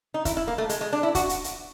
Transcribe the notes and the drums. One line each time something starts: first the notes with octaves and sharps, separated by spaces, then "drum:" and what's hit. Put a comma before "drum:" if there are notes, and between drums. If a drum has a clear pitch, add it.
D#4
E4, drum: kick, hi-hat
E4
A#3
A3
G#3, drum: hi-hat
G#3
D4
E4
F#4, drum: kick, hi-hat
drum: hi-hat
drum: hi-hat